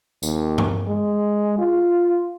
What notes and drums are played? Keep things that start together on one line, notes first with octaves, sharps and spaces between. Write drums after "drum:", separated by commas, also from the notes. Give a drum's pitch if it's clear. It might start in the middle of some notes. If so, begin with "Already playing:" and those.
D#2, drum: tambourine
drum: tom G2
G#3
F4